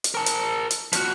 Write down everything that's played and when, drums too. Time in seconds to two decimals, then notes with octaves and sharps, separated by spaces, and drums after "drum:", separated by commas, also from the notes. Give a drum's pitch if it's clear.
0.04 drum: hi-hat
0.14 A#4 A5
0.26 drum: hi-hat
0.71 drum: hi-hat
0.93 F3 F#4, drum: hi-hat